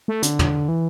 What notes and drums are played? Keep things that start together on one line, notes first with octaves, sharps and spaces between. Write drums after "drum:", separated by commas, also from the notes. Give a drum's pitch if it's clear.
A3
D3, drum: hi-hat
drum: tom
E3